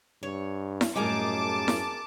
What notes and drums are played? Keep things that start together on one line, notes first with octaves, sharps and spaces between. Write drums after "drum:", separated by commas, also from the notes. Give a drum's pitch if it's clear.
G2 C#5
drum: snare E4
F#2 A2 G3 D#4 G#4 A#4 A5 D6
drum: snare E4